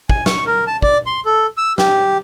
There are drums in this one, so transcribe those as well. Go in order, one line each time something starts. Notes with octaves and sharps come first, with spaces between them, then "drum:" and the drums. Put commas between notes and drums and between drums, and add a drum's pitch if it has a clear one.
G#5, drum: kick
C#6, drum: snare
A#4
A5
D5, drum: kick
C6
A4
E6
G4, drum: snare